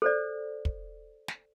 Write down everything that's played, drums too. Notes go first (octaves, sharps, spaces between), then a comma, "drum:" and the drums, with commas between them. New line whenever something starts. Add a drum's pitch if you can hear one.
A4 C5 D5
drum: kick
drum: snare